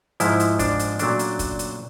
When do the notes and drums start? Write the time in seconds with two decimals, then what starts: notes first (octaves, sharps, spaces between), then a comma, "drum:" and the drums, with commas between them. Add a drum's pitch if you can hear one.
0.20 G#2 F3 G#3 E4, drum: hi-hat
0.40 drum: hi-hat
0.59 D4, drum: kick, hi-hat
0.79 drum: hi-hat
0.99 A#2 F#3 A3 C#4 D4, drum: hi-hat
1.19 drum: hi-hat
1.39 drum: kick, hi-hat
1.59 drum: hi-hat